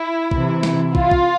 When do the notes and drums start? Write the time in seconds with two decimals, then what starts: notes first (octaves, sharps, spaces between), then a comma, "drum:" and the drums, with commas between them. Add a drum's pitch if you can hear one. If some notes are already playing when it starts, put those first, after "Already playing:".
Already playing: E4
0.31 C3 E3, drum: kick
0.63 drum: snare
0.95 F4, drum: kick
1.11 drum: kick